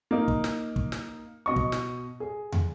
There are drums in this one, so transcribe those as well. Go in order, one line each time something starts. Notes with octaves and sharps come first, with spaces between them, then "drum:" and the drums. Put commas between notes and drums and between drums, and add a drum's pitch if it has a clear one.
A#3 D#4
drum: kick
drum: snare
drum: kick
drum: snare
B2 D#5 C#6
drum: kick
drum: snare
G#4
drum: tom